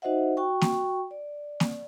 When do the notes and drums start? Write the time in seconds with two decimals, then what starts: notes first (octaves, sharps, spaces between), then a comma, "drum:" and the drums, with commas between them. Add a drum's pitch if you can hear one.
0.02 D#4 F#4 C5 D#5 E5 F#5
0.37 F#4 G5 C#6
0.61 drum: snare A#3
1.11 D5
1.60 drum: snare A#3